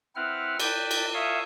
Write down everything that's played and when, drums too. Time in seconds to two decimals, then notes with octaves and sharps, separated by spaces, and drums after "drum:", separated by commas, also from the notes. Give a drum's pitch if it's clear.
0.16 C4 E4 B4 F#5 F6
0.60 B4 D5 G5 G6 A6, drum: cymbal
0.91 drum: cymbal
1.14 E5 F5 G#5 C#6 D#6 E6